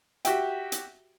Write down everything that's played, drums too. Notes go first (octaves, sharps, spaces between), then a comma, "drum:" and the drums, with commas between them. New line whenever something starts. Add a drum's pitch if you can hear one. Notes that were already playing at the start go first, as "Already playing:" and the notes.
F#4 G4 E5 G5, drum: hi-hat
drum: hi-hat